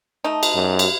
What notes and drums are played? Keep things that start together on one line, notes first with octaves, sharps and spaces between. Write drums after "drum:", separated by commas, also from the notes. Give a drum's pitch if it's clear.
A3 D#4
drum: cymbal
F#2
drum: cymbal